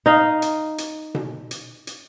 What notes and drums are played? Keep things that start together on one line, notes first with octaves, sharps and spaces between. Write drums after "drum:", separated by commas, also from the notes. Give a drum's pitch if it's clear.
D#4 D#5 F5
drum: hi-hat
drum: hi-hat
drum: tom B2
drum: hi-hat
drum: hi-hat